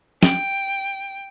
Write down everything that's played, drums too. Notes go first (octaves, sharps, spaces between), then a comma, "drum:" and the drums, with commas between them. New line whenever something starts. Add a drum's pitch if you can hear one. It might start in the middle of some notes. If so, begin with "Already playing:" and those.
G5, drum: snare